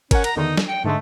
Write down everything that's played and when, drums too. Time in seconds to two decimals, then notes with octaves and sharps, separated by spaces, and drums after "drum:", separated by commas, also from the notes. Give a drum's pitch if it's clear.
0.11 C#4 A#4 F#5, drum: kick G1, cymbal
0.24 A#5, drum: cymbal
0.36 E2 D3 D#3 D#4
0.57 drum: snare
0.68 G5 C#7
0.84 G#2 D3 G#3 A3